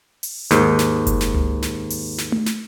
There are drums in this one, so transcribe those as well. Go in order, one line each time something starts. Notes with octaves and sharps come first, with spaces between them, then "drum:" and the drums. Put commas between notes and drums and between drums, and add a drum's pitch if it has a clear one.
drum: open hi-hat
D#2 G#2, drum: snare
drum: snare
drum: kick F#1, hi-hat
drum: snare
drum: tom C#2
drum: snare
drum: open hi-hat
drum: snare
drum: tom A3
drum: snare